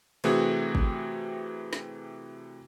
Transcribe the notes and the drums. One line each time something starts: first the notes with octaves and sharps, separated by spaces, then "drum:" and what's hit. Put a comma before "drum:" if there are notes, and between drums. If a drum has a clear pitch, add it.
C3 E3 A3 C4 F#4 G#4, drum: cymbal
drum: kick
drum: snare